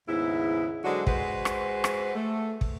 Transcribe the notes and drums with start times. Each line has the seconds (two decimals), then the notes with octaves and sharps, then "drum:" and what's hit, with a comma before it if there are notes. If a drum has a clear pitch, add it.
0.08 D#2 G#2 C#3 B3 E4
0.85 D3 F#3 G#3 D4 F#4 C5
1.07 G#3 F#4 B4 C5, drum: kick
1.45 drum: rim click
1.84 drum: rim click
2.15 A3
2.61 drum: kick